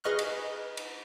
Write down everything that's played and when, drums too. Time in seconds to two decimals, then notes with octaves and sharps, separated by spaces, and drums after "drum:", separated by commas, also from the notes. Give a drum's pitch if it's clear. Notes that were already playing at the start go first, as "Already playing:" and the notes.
0.04 G#4 B4 D#5 C#6 F6 F#6
0.19 drum: cymbal
0.77 drum: cymbal